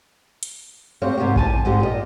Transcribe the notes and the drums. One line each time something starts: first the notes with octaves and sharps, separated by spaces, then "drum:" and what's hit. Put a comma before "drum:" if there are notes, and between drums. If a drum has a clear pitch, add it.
drum: hi-hat
A3 C4 F#4 G4 C#5 F5
G#2 C3 D#3 A#3 F#4 G4
E3 G#5 A5, drum: kick A1
G#5
G#2 G#3 C4 G4
A#2 D#5